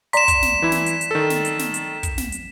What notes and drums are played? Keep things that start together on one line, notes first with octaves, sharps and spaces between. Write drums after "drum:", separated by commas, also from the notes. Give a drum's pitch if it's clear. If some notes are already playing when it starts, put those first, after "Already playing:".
D5 A#5 C6 B6 E7, drum: hi-hat
drum: kick, hi-hat
drum: snare
E3 E4
drum: snare
drum: hi-hat
drum: hi-hat
D#3 A4
drum: snare
drum: hi-hat
drum: snare
drum: hi-hat
drum: kick, hi-hat
drum: snare
drum: hi-hat